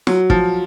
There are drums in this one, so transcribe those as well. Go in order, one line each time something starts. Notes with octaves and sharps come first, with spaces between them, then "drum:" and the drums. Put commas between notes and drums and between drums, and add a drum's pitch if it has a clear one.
F#3, drum: snare
F3, drum: kick